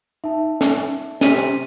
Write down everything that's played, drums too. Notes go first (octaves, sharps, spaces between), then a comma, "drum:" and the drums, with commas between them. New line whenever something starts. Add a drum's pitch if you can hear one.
D#4 E5 A5
drum: snare
C3 B6 D#7, drum: snare